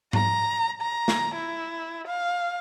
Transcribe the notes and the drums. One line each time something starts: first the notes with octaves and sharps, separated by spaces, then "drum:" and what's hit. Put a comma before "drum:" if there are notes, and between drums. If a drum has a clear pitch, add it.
A#5, drum: tom G#2
A#5
drum: snare
E4
F5